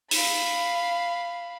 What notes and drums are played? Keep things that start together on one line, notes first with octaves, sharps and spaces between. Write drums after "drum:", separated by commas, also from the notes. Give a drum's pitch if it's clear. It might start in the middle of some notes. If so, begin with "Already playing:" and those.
F5 B5, drum: open hi-hat